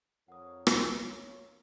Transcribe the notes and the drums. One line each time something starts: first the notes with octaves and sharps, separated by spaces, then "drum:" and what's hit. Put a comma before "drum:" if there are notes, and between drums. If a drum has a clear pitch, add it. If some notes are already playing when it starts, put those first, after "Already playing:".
F2 F4 A#4 C#5 F#5 D#6
drum: rim click